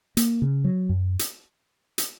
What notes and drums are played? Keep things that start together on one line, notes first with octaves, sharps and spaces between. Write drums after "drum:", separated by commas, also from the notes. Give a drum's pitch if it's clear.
A#3, drum: hi-hat
C#3
F#3
F#2
drum: hi-hat
drum: hi-hat